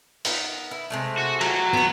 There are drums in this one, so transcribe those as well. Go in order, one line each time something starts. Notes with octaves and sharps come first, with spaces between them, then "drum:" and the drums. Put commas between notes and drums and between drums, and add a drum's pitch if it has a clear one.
B3 D#4 A#4, drum: open hi-hat
E4
C3 G#3 A3
F#4
F#3, drum: cymbal
A3 B3 B4